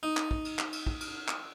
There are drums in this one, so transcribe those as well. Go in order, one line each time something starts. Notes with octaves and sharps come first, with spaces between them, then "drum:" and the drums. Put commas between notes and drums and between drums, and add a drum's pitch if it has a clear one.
D#4
drum: clap
drum: kick
drum: cymbal
drum: clap
drum: cymbal
drum: kick
drum: cymbal
drum: clap